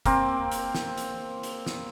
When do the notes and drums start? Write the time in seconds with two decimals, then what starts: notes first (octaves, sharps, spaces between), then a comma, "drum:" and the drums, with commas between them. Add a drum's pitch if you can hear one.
0.06 A#3 C4, drum: kick F#1, hi-hat
0.51 drum: hi-hat
0.74 drum: snare
0.97 drum: hi-hat
1.43 drum: hi-hat
1.66 drum: snare